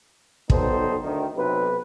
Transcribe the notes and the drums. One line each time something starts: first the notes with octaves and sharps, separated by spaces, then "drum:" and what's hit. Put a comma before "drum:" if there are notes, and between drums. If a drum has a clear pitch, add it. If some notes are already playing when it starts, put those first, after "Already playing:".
B1 G3 B3 D#4 A4 C5, drum: kick
D2 D#3
B1 C3 B4